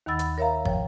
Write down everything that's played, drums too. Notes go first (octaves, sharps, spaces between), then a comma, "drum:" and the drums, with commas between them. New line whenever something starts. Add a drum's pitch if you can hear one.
D#2 D#3 F#5 B5 E6 A6
drum: hi-hat
A#4 C#5 E5 F5 A#5
G#2 F3 C#5 G5, drum: kick